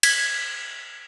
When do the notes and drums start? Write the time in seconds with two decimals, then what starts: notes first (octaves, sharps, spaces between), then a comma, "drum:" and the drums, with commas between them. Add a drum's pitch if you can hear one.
0.03 G#6 B6, drum: cymbal